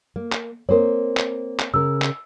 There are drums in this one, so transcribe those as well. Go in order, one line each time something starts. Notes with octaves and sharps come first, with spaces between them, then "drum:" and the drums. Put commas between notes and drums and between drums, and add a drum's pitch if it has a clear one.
A#3
drum: clap
A#3 C4 A#4 C5 C#5
drum: clap
drum: clap
C#3 A#4 E6
drum: clap